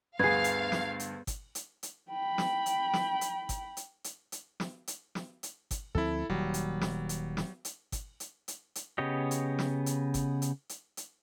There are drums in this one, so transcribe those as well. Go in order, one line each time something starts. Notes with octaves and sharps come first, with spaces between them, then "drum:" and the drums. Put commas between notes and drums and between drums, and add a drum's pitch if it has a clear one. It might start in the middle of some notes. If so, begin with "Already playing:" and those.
D2 G2 B3 G#4 F5 G#6 C7
drum: hi-hat
drum: snare
drum: hi-hat
drum: kick G1, hi-hat
drum: hi-hat
drum: hi-hat
G5 B5
drum: snare
drum: hi-hat
drum: snare
drum: hi-hat
drum: kick G1, hi-hat
drum: hi-hat
drum: hi-hat
drum: hi-hat
drum: snare
drum: hi-hat
drum: snare
drum: hi-hat
drum: kick G1, hi-hat
D2 F3 C4 E4 A4
D#1 D#2 F#3 G3
drum: hi-hat
drum: snare
drum: hi-hat
drum: snare
drum: hi-hat
drum: kick G1, hi-hat
drum: hi-hat
drum: hi-hat
drum: hi-hat
C#3 B3 G4 C#5 D#5
drum: hi-hat
drum: snare
drum: hi-hat
drum: kick G1, hi-hat
drum: hi-hat
drum: hi-hat
drum: hi-hat